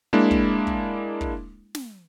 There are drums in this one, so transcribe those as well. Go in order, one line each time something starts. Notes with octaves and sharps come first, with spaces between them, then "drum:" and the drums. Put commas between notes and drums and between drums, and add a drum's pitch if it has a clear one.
G#3 A#3 D4 E4
drum: kick
drum: kick
drum: kick
drum: snare